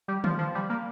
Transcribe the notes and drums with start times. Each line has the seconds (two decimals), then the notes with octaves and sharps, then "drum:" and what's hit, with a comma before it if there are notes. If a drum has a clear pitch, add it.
0.08 G3
0.24 F3, drum: tom
0.38 F3
0.55 G3
0.69 A#3